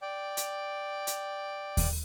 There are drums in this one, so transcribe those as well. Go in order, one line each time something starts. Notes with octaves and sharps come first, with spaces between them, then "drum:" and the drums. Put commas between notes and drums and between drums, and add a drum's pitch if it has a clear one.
D5 G5
drum: hi-hat
drum: hi-hat
drum: kick D#2, open hi-hat